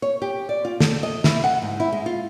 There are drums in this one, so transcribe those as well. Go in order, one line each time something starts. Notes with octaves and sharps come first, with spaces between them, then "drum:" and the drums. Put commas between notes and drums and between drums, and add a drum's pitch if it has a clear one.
C#5
G4
D5
F4
A4, drum: snare
D#5
E4, drum: snare
F#5
G#2
E4
G#3
F4